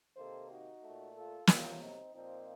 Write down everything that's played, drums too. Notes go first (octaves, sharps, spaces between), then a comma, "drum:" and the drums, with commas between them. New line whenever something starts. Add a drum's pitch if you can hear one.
C3 D#3 A#3 A4 C5
D#4 F#4
A#2 A3
F4 A4
C3 F#3 A3 C#4 F4, drum: snare
C4 D#4
A#2 F3 A#3 C4 D#4